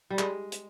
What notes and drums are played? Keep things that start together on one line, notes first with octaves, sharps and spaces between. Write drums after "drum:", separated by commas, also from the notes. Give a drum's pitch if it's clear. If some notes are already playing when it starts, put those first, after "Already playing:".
G3
G#3, drum: clap
drum: hi-hat